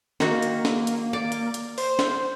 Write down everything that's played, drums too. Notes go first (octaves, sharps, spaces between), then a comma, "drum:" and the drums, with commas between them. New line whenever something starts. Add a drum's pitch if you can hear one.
D#3 A#3 F#4, drum: snare
drum: hi-hat
drum: snare
drum: hi-hat
D5
drum: hi-hat
drum: hi-hat
C5, drum: open hi-hat
drum: snare